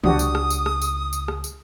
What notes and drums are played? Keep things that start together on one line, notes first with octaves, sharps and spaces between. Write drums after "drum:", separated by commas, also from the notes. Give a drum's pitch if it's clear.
C#2 D4 F#4 G4 D#6, drum: tom
drum: tambourine
drum: rim click
drum: tambourine
drum: rim click
drum: tambourine
drum: tambourine
drum: rim click
drum: tambourine